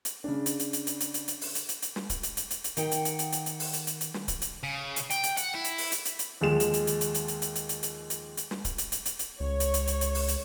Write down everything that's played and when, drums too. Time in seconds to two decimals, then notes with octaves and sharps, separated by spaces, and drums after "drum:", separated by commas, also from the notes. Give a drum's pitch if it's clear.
0.05 drum: hi-hat
0.24 C#3 D4
0.46 drum: hi-hat
0.59 drum: hi-hat
0.73 drum: hi-hat
0.87 drum: hi-hat
1.00 drum: hi-hat
1.14 drum: hi-hat
1.28 drum: hi-hat
1.41 drum: open hi-hat
1.55 drum: hi-hat
1.69 drum: hi-hat
1.82 drum: hi-hat
1.96 drum: snare
2.10 drum: kick D1, hi-hat
2.23 drum: hi-hat
2.37 drum: hi-hat
2.50 drum: hi-hat
2.64 drum: hi-hat
2.77 D#3 F#5 G5, drum: hi-hat
2.91 drum: hi-hat
3.05 drum: hi-hat
3.19 drum: hi-hat
3.32 drum: hi-hat
3.46 drum: hi-hat
3.60 drum: open hi-hat
3.73 drum: hi-hat
3.87 drum: hi-hat
4.01 drum: hi-hat
4.14 drum: snare
4.28 drum: kick D1, hi-hat
4.42 drum: hi-hat
4.63 C#3
4.96 drum: hi-hat
5.10 G5, drum: hi-hat
5.23 drum: hi-hat
5.37 F#5, drum: hi-hat
5.55 E4
5.64 drum: hi-hat
5.78 drum: open hi-hat
5.92 drum: hi-hat
6.05 drum: hi-hat
6.19 drum: hi-hat
6.41 D#2 F3 G#3 E7
6.60 drum: hi-hat
6.74 drum: hi-hat
6.87 drum: hi-hat
7.01 drum: hi-hat
7.14 drum: hi-hat
7.28 drum: hi-hat
7.42 drum: hi-hat
7.55 drum: hi-hat
7.69 drum: hi-hat
7.83 drum: hi-hat
8.10 drum: hi-hat
8.37 drum: hi-hat
8.51 drum: snare
8.65 drum: kick D1, hi-hat
8.78 drum: hi-hat
8.92 drum: hi-hat
9.05 drum: hi-hat
9.19 drum: hi-hat
9.40 C#2 C#5
9.60 drum: hi-hat
9.74 drum: hi-hat
9.87 drum: hi-hat
10.01 drum: hi-hat
10.15 drum: open hi-hat
10.28 drum: hi-hat